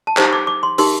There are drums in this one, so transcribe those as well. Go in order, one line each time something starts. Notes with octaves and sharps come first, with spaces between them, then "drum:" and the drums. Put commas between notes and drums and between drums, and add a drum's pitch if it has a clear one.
A5
D#4 G4 C5 A#5, drum: clap
D6
D6
C6
D#4 G4 A#4 C6, drum: open hi-hat